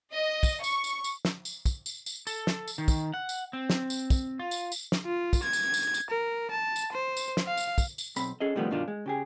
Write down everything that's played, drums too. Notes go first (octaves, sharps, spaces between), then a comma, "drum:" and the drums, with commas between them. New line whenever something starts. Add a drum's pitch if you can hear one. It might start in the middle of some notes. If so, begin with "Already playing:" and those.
D#5
drum: kick, tambourine
C#6, drum: tambourine
drum: tambourine
drum: tambourine
drum: snare
drum: tambourine
drum: kick, tambourine
drum: tambourine
drum: tambourine
A4, drum: tambourine
drum: snare
drum: tambourine
D#3
drum: kick, tambourine
F#5
drum: tambourine
C4
drum: snare
drum: tambourine
drum: kick, tambourine
F4
drum: tambourine
drum: tambourine
drum: snare
F4
drum: kick, tambourine
G#6
drum: tambourine
drum: tambourine
drum: tambourine
A#4
A5
drum: tambourine
C5
drum: tambourine
drum: snare
F5
drum: tambourine
drum: kick, tambourine
drum: tambourine
B1 C4 B5, drum: tambourine
C#4 G#4 A4 D#5
C3 D#3 F3 G3 A3 B3
G2 B2 D#3 D4 F4
G#3
C#3 G4 G#4